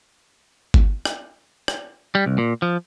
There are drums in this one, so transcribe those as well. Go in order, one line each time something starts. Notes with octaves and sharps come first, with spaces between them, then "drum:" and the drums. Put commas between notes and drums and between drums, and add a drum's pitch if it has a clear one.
drum: kick G1
drum: rim click
drum: rim click
G3
C2
A#2
F3